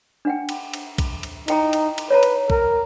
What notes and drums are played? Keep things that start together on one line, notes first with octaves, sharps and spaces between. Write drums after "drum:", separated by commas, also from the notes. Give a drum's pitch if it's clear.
D4 F#5 G5
drum: cymbal
drum: cymbal
drum: kick, cymbal
drum: cymbal
D#4 E4 G5 A#5, drum: cymbal
drum: cymbal
drum: cymbal
B4 C#5 A5 A#5
drum: cymbal
A#4, drum: kick